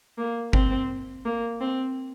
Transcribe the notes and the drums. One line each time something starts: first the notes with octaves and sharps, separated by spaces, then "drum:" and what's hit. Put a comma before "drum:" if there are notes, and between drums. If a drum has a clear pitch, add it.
A#3
C4, drum: kick G1
A#3
C4